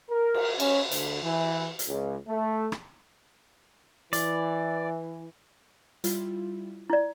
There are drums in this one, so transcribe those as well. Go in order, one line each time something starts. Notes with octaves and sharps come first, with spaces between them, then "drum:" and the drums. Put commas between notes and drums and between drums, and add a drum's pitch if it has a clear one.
A#4
drum: cymbal
C#4, drum: cymbal
D2, drum: hi-hat
E3
drum: hi-hat
C#2
A3
drum: rim click
E3 D5, drum: hi-hat
G3 E4 F4, drum: hi-hat
E4 D5